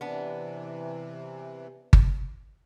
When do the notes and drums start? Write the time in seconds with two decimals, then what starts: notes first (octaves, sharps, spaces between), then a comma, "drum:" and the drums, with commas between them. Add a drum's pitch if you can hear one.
0.01 C3 E3 B3 D4
1.93 drum: kick G1